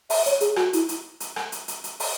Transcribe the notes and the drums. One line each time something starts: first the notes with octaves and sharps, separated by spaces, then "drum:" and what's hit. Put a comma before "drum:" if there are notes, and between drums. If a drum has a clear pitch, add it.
E5, drum: open hi-hat
C#5, drum: hi-hat
G#4, drum: hi-hat
F#4, drum: rim click
E4, drum: hi-hat
drum: hi-hat
drum: hi-hat
drum: rim click
drum: hi-hat
drum: hi-hat
drum: hi-hat
drum: open hi-hat